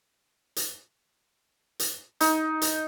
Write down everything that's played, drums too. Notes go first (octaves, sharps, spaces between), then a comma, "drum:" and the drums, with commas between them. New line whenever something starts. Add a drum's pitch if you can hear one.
drum: hi-hat
drum: hi-hat
D#4, drum: hi-hat
drum: hi-hat